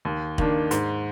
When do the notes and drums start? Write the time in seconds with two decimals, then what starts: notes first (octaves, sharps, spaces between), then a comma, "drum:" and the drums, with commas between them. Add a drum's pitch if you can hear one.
0.05 D#2
0.38 D#3 A#3 D4, drum: kick
0.71 G#2, drum: hi-hat